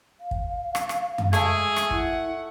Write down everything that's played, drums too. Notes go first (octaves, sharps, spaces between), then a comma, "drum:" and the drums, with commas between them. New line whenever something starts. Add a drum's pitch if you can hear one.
F5
drum: kick
drum: rim click
drum: rim click
drum: tom F#2
G#3 A3 G#4 E5, drum: rim click
drum: rim click
E4 F#5, drum: kick